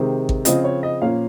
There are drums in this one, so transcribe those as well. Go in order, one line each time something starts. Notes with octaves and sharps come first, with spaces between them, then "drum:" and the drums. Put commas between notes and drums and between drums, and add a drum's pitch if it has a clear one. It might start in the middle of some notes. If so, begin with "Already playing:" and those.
Already playing: C3 D#3 G#3 C4
drum: kick G#1
C#3 F3 C4 D#5, drum: hi-hat
C#5
D#5
A#2 F3 A#3 C#4 F5